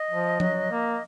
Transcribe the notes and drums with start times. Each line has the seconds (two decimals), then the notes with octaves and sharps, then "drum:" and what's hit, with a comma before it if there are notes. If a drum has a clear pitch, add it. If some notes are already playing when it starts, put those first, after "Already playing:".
Already playing: D#5
0.11 F3
0.40 F#3, drum: tom F3
0.71 A#3